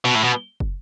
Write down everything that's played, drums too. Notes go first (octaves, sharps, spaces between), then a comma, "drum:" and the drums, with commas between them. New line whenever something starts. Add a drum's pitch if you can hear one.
B2
A2
B2
drum: kick